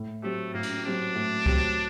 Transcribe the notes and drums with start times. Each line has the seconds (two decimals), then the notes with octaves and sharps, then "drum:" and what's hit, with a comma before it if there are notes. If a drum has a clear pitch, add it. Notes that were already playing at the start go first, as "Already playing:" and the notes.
Already playing: A2
0.23 F#3 A3 C4 G4
0.54 A2 A#3
0.63 drum: cymbal
0.84 F#3 C4 D4 G4
1.15 A2
1.46 F#3 C4 G4, drum: kick C#2